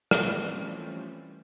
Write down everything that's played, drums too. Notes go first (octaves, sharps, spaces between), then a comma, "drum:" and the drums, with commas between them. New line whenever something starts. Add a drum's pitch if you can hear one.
E3 F3 G3 A3 C4 C#4, drum: rim click